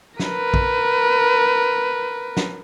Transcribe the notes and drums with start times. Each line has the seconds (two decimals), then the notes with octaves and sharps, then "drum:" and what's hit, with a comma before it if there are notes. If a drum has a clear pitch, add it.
0.19 A#4 B4, drum: snare
0.54 drum: kick
2.37 drum: snare